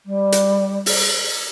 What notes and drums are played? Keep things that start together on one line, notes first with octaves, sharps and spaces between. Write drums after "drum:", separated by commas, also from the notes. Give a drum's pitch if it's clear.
G3
drum: hi-hat
drum: open hi-hat